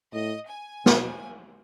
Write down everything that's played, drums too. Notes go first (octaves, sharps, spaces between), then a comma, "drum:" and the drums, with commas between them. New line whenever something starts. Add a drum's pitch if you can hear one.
A2 D#5
G#5
B2, drum: snare